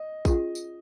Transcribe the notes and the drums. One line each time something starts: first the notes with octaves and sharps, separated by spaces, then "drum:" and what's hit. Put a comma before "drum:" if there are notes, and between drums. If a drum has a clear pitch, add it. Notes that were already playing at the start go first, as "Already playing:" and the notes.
Already playing: D#5
C#4 F4 G#4, drum: kick, tambourine
drum: tambourine